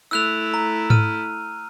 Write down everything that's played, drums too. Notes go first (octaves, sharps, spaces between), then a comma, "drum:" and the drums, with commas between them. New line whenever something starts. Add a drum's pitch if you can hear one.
A3 E4 E6 F#6 F7
A#5
F6 D#7, drum: tom G#2